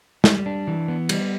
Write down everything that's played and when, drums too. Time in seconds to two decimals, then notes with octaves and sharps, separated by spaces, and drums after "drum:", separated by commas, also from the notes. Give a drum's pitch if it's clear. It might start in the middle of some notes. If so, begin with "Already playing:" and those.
0.24 G3, drum: snare
0.46 D4
0.67 E3
0.88 B3
1.09 G3, drum: cymbal